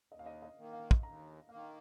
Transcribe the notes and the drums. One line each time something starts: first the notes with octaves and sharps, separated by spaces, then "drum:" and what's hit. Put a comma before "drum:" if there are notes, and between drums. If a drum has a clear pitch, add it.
D#2 D#5
F5
D#5
D#5
D#3 A#3
F5
drum: kick
D#2 A#5
D#3 A#3 F5